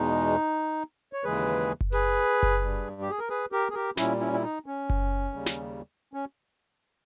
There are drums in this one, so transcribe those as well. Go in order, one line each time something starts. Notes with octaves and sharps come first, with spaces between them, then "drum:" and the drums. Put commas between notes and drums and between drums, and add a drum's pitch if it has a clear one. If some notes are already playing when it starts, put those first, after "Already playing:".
Already playing: E2 B2 G#3 D#4
C#5
D#2 C#3 E3 G#3 G#4 B4
drum: kick F#1
G#4 B4, drum: open hi-hat
drum: kick F#1
G2 G3
G4
G#4
A#4
G#4 B4
G4 A#4
G#4
G4 A#4
A#2 G3 C#4 E4, drum: snare
C#4 E4
E4
D#4
C#4
drum: kick F#1
D#2 C#3 G3
drum: snare
C#4